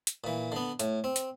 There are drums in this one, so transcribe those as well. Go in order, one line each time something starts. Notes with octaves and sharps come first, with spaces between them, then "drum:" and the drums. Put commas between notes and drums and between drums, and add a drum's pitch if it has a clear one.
drum: hi-hat
A#2 E3
D3 B3
A2, drum: hi-hat
C4
drum: hi-hat